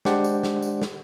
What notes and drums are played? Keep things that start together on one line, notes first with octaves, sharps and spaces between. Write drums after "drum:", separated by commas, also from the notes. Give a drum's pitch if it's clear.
G#3 D4 G4 C5 D5 F#5, drum: snare
drum: tambourine
drum: snare
drum: tambourine
drum: snare